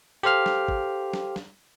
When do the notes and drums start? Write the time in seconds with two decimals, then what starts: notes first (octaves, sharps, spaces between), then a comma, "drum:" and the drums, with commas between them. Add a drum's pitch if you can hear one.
0.23 G4 A4 C5 F5 F6
0.46 drum: snare
0.68 drum: kick
1.13 drum: snare
1.36 drum: snare